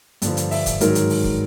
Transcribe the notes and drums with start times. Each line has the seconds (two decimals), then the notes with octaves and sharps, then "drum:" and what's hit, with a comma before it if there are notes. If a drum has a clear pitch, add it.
0.22 G2 D3 F3, drum: hi-hat
0.37 drum: hi-hat
0.51 E5, drum: open hi-hat
0.66 drum: kick, hi-hat
0.81 G#2 D#3 F#3 A#4, drum: hi-hat
0.95 drum: hi-hat
1.10 drum: open hi-hat
1.24 drum: kick